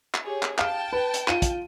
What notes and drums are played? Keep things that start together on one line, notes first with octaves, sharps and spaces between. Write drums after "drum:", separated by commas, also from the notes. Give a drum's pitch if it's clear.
drum: clap
G4 G#4 C#5
drum: clap
F5 G5 A5 F6, drum: clap
B4
drum: hi-hat
F4 D#7, drum: clap
drum: kick, hi-hat